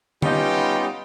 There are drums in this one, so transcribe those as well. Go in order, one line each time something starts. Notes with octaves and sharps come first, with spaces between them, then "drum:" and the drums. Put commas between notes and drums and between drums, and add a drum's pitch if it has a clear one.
G3 B3 C#4 D#4 F4 G4, drum: tom D3